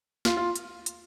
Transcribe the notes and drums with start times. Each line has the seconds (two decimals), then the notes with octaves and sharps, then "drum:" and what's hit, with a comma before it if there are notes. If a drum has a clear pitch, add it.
0.25 F4, drum: snare
0.37 F4
0.56 drum: hi-hat
0.86 drum: hi-hat